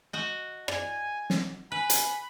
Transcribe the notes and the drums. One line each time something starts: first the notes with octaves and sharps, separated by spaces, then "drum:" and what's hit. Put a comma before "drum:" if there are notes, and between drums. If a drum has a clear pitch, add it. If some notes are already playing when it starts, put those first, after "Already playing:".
F#4 D#5
D5 G#5, drum: rim click
drum: snare
B4 G#5 B5
drum: hi-hat